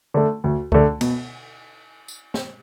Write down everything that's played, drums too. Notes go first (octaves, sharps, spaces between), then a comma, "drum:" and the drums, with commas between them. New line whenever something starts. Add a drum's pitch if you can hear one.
D3 A3
D2
D3 A3, drum: kick C#2
B2, drum: cymbal
drum: tambourine
drum: snare